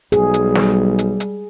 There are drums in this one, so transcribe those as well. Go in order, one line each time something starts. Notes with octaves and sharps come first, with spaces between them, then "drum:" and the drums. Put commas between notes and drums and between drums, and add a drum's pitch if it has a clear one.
B1 G3 G#4, drum: hi-hat
drum: hi-hat
drum: snare
drum: hi-hat
drum: hi-hat